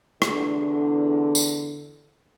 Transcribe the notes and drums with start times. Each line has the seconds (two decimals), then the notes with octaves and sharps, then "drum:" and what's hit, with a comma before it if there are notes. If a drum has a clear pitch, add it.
0.22 E2 D3, drum: rim click
1.35 drum: tambourine